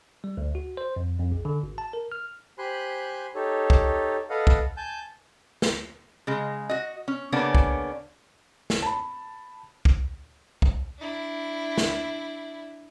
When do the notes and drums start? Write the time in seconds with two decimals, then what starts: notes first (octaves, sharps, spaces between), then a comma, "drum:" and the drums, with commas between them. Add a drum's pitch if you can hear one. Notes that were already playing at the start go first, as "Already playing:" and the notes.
0.24 G3
0.37 D2
0.55 F#4
0.77 C5
0.96 F2
1.19 F2
1.32 A#1
1.45 D3
1.63 G#1
1.78 A5
1.93 A#4
2.12 F6
2.58 G4 C5 G#5 B5 C6 F#6
3.35 D#4 G4 A4 C#5
3.70 drum: kick B1
4.30 A4 B4 D#5 F5 F#5
4.47 drum: kick B1
4.77 G#5 A5 G6
5.62 drum: snare
6.27 C#3 G#3
6.69 F#4 D#5
7.08 C#4
7.32 C#3 A#3 B3 C#4 D4
7.55 drum: kick B1
8.70 drum: snare
8.82 A5 B5
9.85 drum: kick B1
10.62 drum: kick B1
10.98 D4 E4
11.78 drum: snare